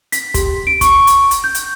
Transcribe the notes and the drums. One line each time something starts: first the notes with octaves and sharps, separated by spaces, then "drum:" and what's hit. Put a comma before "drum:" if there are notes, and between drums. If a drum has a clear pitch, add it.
B6, drum: hi-hat
G4, drum: kick, hi-hat
D7
C#6, drum: kick, hi-hat
drum: hi-hat
drum: hi-hat
G6
drum: hi-hat